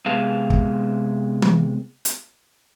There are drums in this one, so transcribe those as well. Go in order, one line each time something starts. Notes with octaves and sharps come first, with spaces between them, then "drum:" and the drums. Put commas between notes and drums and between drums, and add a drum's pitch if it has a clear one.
C3 G#3 B3 G#4 F5 A5
drum: kick
drum: tom E3
drum: hi-hat